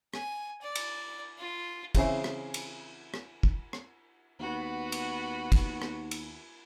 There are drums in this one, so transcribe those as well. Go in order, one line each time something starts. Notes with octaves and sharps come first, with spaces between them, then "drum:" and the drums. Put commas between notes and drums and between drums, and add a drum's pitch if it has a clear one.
G#5, drum: rim click
D5
drum: cymbal
F4
C#3 E3 C4 G#4 E5, drum: kick, cymbal
drum: rim click
drum: cymbal
drum: rim click
drum: kick
drum: rim click
D#2 B3 F#4
drum: cymbal
drum: kick, cymbal
drum: rim click
drum: cymbal